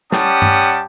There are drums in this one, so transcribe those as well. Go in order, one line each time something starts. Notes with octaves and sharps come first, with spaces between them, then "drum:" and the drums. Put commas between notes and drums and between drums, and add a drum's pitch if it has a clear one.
G3 C#4 G4 F#5 A5 D#6, drum: snare
drum: tom G2